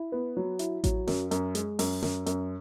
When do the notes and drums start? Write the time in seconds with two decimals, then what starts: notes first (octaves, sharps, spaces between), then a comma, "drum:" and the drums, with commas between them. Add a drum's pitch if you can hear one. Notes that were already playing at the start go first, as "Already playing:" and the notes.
Already playing: E4
0.12 B3
0.37 F#3
0.59 E4, drum: hi-hat
0.84 F#3, drum: kick A1, hi-hat
1.08 F#2, drum: snare
1.31 F#2, drum: hi-hat
1.55 G#3, drum: hi-hat
1.79 F#2, drum: open hi-hat
2.03 F#2, drum: snare
2.26 F#2, drum: hi-hat